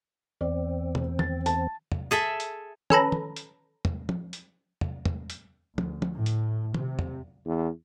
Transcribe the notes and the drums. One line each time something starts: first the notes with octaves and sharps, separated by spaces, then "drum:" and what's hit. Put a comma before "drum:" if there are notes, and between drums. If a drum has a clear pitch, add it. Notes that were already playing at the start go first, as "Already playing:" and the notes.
E2 C4 D5
drum: tom
A6, drum: tom
A5, drum: hi-hat
drum: tom
G#4 A4 E5
drum: hi-hat
C#4 A4 B4 A#5, drum: tom
drum: tom
drum: hi-hat
drum: tom
drum: tom F3
drum: hi-hat
drum: tom
drum: tom
drum: hi-hat
D2, drum: tom F3
drum: tom F3
A2
drum: hi-hat
C3, drum: tom
drum: tom
E2